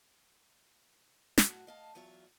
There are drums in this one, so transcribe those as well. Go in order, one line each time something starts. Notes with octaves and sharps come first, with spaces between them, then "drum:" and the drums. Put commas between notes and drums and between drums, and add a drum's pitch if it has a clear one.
F#2 A2 F#4 F#5, drum: snare
D#5 F5 A5
E2 F#3 F4 C#5 E5